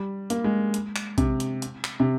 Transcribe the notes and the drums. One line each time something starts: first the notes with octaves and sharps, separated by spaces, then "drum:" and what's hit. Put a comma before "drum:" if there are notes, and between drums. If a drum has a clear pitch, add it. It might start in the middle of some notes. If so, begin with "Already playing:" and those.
Already playing: G3
A#3, drum: hi-hat
G#3
drum: hi-hat
drum: clap
C3, drum: kick A#1, hi-hat
drum: hi-hat
drum: hi-hat
drum: clap
C3